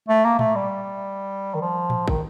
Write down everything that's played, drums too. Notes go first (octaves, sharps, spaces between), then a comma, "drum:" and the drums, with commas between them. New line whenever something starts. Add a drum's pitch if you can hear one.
A3
A#3
A3, drum: tom A2
G3
D#3
F3
drum: tom A2
D#3, drum: kick